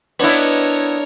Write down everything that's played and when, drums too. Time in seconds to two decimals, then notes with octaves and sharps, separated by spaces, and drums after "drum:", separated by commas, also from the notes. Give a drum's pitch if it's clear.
0.19 B3 D4 E4 A#4 C#5 D#5, drum: cymbal